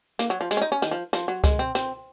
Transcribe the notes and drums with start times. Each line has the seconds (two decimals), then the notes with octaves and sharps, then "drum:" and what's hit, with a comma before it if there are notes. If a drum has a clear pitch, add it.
0.19 A#3, drum: hi-hat
0.30 F#3
0.41 F3
0.51 G#3, drum: hi-hat
0.57 C#4
0.62 D#4
0.72 C#4
0.82 D#3, drum: hi-hat
0.91 F3
1.13 F3, drum: hi-hat
1.28 F#3
1.44 G#3, drum: kick C#2, hi-hat
1.59 C4
1.75 C4, drum: hi-hat